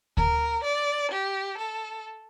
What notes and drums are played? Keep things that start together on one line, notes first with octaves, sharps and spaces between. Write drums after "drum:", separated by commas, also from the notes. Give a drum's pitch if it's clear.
A#4, drum: kick D2
D5
G4
A4